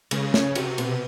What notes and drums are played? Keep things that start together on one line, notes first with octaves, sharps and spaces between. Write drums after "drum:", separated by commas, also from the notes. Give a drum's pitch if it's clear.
C#3 G#3, drum: cymbal
C#4, drum: snare
C3 F#4, drum: cymbal
B2, drum: cymbal